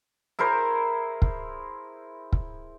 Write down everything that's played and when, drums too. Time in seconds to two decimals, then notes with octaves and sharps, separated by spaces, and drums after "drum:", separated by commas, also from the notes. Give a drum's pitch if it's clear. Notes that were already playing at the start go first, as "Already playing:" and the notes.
0.39 E4 G#4 A#4 C5
1.22 drum: kick
2.33 drum: kick